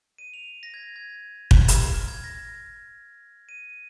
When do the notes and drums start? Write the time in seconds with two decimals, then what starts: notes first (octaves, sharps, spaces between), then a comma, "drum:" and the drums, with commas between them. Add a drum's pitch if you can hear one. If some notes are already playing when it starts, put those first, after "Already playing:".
0.18 D#7
0.34 F7
0.63 A#6
0.74 G#6
0.96 G#6
1.51 G#6, drum: kick
1.68 drum: hi-hat
1.94 F6
2.08 G#6
2.24 A#6
3.49 D#7